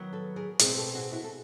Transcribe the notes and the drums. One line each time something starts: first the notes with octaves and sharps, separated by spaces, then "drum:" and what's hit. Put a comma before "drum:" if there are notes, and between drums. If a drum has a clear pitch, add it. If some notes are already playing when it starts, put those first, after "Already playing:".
Already playing: D#3 F#3 B3
A4 B4
G#4 A#4
B2 G#3 C4 D#4 G#4 A#4, drum: hi-hat
G4 A4
F#4 G#4
E4 F#4
A4